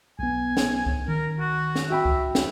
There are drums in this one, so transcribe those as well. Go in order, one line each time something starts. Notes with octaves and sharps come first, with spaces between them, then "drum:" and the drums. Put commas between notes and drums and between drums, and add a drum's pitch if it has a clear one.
B1 B3 G#5
drum: snare
drum: kick C#2
D#3 A#4
F#4
drum: snare
F#4 E5 G5 B5
drum: kick C#2
drum: snare